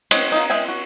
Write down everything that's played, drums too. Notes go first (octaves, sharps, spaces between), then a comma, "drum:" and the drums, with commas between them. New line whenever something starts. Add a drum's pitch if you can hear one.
G#3 C4 C#4 B4, drum: cymbal
D#4 F4
G#3 E5 G5 G#5
F#4